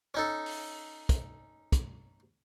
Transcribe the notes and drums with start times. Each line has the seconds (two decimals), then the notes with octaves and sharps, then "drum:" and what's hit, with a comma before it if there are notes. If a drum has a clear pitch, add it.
0.14 C#4 D#4 A4
0.46 drum: open hi-hat
1.09 drum: kick, hi-hat
1.72 drum: kick, hi-hat